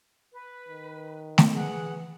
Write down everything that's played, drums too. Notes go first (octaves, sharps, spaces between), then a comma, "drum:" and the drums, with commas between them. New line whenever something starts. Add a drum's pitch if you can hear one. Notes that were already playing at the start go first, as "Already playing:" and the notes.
B4
D#3
drum: snare A3
E3 G#4 F#5